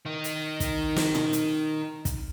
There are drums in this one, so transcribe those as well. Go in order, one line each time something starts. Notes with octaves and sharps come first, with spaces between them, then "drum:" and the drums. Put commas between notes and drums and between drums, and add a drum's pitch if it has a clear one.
D#3 D#4
drum: hi-hat
drum: kick, hi-hat
drum: snare
drum: tom A#2
drum: hi-hat
drum: kick, hi-hat